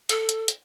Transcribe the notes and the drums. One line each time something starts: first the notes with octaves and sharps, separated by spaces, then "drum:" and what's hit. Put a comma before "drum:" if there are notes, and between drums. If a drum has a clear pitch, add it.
A4, drum: hi-hat
drum: hi-hat
drum: hi-hat